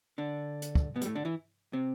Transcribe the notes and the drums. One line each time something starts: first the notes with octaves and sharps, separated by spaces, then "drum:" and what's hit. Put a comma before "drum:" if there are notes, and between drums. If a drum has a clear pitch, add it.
D3 D4
drum: hi-hat
drum: kick
B2 B3
G3, drum: hi-hat
A2 A3
D3 D4
E3 E4
C3 C4